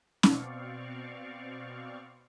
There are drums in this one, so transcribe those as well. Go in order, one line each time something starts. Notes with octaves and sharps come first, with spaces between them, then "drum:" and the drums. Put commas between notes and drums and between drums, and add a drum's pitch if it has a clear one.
B2 C4 D5 F5 C#6, drum: snare C#4